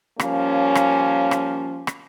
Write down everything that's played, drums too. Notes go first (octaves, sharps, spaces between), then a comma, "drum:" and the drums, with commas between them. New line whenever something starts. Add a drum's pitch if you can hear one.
F3 G3 A#3 C#4, drum: rim click
drum: rim click
drum: rim click
drum: rim click